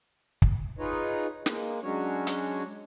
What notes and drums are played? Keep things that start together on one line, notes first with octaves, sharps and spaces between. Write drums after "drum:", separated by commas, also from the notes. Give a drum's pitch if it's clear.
drum: kick
D#4 F4 G#4 B4 C#5 D#5
G#3 A#3, drum: snare
F#3 G#3 C#4 D4 F#4 C#5
drum: hi-hat